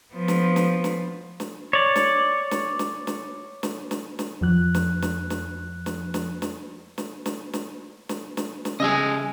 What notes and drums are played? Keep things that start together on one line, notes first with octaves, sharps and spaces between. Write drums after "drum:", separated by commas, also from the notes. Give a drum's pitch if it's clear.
F3 B3
drum: snare
drum: snare
drum: snare
drum: snare
C#5 D5
drum: snare
drum: snare
drum: snare
drum: snare
drum: snare
drum: snare
drum: snare
F2 F3 F#6
drum: snare
drum: snare
drum: snare
drum: snare
drum: snare
drum: snare
drum: snare
drum: snare
drum: snare
drum: snare
drum: snare
drum: snare
C#3 G3 G#4 D#5 E5 G#5